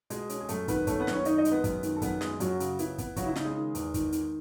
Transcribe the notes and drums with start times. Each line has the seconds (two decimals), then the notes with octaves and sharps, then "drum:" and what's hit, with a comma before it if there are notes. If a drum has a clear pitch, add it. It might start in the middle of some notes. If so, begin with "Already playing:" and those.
0.10 B2 G#3 G#4, drum: hi-hat
0.29 C#4, drum: hi-hat
0.41 G#4
0.49 F#2 A3 A4, drum: hi-hat
0.68 D#3 B3 B4, drum: kick, hi-hat
0.87 A3 C#4 A4, drum: kick, hi-hat
1.00 B3 B4
1.07 F#2, drum: snare
1.13 C#4 C#5
1.25 D#3 D#4 D#5, drum: hi-hat
1.38 D#4 D#5
1.45 G#3, drum: hi-hat
1.52 B3 B4
1.64 F#2, drum: kick, hi-hat
1.83 D#3, drum: hi-hat
1.96 A4
2.02 F#2 B3 B4, drum: kick, hi-hat
2.21 G#3 G#4, drum: snare
2.40 F#2 F#3 F#4, drum: hi-hat
2.60 C#3, drum: hi-hat
2.79 B3 E4, drum: hi-hat
2.98 B3, drum: kick, hi-hat
3.16 C#3 F#3 F#4, drum: kick, hi-hat
3.26 E4
3.36 C#3 D#4, drum: snare
3.45 G#3 G#4
3.55 D#3
3.75 E2, drum: hi-hat
3.94 D#3, drum: kick, hi-hat
4.12 D#3, drum: hi-hat